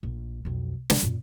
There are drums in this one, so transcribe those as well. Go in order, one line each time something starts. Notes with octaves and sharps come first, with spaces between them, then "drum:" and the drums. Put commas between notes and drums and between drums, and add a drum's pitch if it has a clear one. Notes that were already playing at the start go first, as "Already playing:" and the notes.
A#1
B1 F2
G3, drum: snare
F#2 A#2